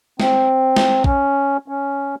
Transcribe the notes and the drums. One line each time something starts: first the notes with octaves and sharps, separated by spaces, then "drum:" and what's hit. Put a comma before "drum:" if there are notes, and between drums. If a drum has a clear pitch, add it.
C4, drum: snare
drum: snare
C#4, drum: kick
C#4